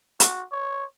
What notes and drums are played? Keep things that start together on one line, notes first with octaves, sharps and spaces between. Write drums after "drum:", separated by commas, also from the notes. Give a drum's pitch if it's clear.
F#4, drum: hi-hat
C#5